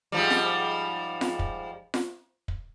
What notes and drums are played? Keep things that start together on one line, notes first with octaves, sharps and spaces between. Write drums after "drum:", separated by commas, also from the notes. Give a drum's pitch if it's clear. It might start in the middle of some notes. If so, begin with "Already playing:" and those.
G#2 F3 G3
drum: snare F4
drum: snare F4
drum: kick
drum: snare F4
drum: kick